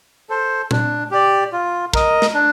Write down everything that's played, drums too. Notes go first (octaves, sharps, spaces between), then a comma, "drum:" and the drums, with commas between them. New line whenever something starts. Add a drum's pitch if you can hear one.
A4 C5
D4, drum: tom A#2
G4 D5
F4
A#4 D#5, drum: kick
drum: snare
D4